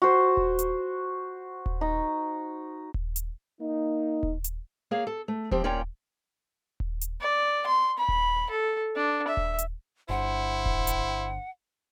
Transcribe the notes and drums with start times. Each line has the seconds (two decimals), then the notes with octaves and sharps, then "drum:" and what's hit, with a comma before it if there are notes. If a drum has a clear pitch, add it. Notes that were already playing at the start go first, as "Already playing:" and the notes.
0.02 F#4 C5
0.37 drum: kick D#1
0.59 drum: hi-hat
1.66 drum: kick D#1
1.81 D#4
2.94 drum: kick D#1
3.16 drum: hi-hat
3.60 A#3 D#4
4.23 drum: kick D#1
4.44 drum: hi-hat
4.91 A#3 G#4 C#5 F5
5.07 A4
5.28 A3
5.51 F3 C4 G4, drum: kick D#1
5.64 A#3 C#4 F4 D5 G5 A#5
6.80 drum: kick D#1
7.01 drum: hi-hat
7.21 D5
7.66 C6
7.98 B5
8.09 drum: kick D#1
8.50 A4
8.96 D4
9.28 E5
9.37 drum: kick D#1
9.58 drum: hi-hat
10.09 G1 E4 C5 F#5
10.66 drum: kick D#1
10.87 drum: hi-hat